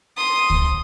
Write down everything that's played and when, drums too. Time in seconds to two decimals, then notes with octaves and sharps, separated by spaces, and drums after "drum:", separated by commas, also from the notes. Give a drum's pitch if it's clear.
0.17 C6 D#6
0.50 drum: kick C#2